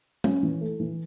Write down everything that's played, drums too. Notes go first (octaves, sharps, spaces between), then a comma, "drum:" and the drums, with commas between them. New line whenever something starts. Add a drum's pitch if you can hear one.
C#4, drum: tom
E3
A3
E3